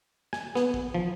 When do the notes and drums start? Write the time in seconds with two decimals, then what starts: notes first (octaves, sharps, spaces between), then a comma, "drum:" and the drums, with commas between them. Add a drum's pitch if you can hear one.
0.33 G#5, drum: snare
0.55 B3, drum: snare
0.74 drum: kick
0.94 F3